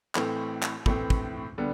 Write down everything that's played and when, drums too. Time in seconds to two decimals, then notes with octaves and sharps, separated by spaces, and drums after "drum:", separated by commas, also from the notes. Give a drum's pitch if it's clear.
0.15 A2 E3 A3 C4, drum: clap
0.63 drum: clap
0.86 A2 E3 A3 C4, drum: kick
1.10 drum: kick
1.58 D3 G3 B3